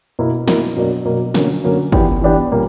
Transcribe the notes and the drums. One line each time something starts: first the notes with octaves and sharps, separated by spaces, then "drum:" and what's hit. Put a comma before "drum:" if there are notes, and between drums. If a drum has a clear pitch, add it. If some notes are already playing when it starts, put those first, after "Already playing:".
B2 A#3 E4 A#4
B2 A#3 E4 A#4, drum: snare
B2 F#3 A#3 D4
B2 F#3 A#3 D4
D3 F#3 A#3 C#4, drum: snare
D3 F#3 A#3 C#4
E3 B3 D4 G4, drum: kick G1
E3 B3 D4 G4
A#2 G3 A#3 C#4